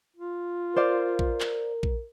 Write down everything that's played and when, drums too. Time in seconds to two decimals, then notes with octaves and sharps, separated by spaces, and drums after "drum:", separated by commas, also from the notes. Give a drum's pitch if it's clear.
0.16 F4
0.76 A#4 C5 D5 F5
1.19 drum: kick A#1
1.40 drum: clap
1.83 drum: kick A#1